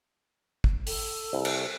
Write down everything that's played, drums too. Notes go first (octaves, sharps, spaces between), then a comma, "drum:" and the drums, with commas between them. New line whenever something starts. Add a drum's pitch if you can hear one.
drum: kick
A4, drum: open hi-hat
C2
drum: cymbal